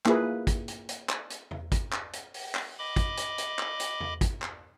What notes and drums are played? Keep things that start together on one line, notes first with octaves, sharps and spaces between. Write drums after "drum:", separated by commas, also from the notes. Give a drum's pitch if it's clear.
A#3 E4 F4 G#4 B4, drum: clap
drum: kick, hi-hat
drum: hi-hat
drum: hi-hat
drum: clap
drum: hi-hat
drum: tom E2
drum: kick, hi-hat
drum: clap
drum: hi-hat
drum: open hi-hat
drum: clap
D#5 B5 D6
drum: kick, hi-hat
drum: hi-hat
drum: hi-hat
drum: clap
drum: hi-hat
drum: tom E2
drum: kick, hi-hat
drum: clap